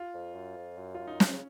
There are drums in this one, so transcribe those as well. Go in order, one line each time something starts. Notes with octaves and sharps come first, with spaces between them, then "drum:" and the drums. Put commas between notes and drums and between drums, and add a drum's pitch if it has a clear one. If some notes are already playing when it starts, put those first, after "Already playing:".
Already playing: F4
F2
F#2
F2
F#2
F#2 F4
D#4
F3 C#4, drum: snare
C#3